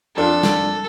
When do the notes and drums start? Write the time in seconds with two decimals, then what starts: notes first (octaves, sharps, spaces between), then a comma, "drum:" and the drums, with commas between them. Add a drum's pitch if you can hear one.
0.17 F2 D4 F4 A4
0.43 drum: snare